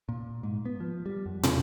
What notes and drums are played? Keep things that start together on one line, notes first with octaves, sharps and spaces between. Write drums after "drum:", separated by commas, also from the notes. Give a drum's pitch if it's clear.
A#2
G#2
B3
F3
G3
F#2
E2, drum: tom